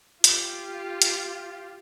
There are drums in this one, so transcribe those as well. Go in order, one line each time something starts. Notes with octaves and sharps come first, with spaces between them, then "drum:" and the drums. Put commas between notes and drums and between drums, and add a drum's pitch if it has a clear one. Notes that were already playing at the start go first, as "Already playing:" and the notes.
F4 G4, drum: hi-hat
drum: hi-hat